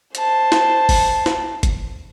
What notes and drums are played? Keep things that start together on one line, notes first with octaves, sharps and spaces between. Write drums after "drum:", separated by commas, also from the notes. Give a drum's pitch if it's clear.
C5 A5, drum: hi-hat
drum: snare
drum: kick F#1, open hi-hat
drum: snare
drum: kick F#1, hi-hat